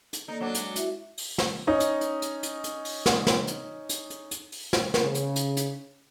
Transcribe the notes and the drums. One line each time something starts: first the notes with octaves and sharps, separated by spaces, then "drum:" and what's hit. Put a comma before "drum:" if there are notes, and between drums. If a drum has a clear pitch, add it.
drum: hi-hat
A#3 D#4 A4 D5
F#3 D4
G#3 D6, drum: hi-hat
E4 F#4 E5, drum: hi-hat
drum: open hi-hat
drum: snare
C#4 D#4
drum: hi-hat
drum: hi-hat
drum: hi-hat
drum: hi-hat
drum: hi-hat
drum: open hi-hat
drum: snare
drum: snare
drum: hi-hat
drum: hi-hat
drum: hi-hat
drum: hi-hat
drum: open hi-hat
drum: snare
drum: snare
C#3
drum: hi-hat
drum: hi-hat
drum: hi-hat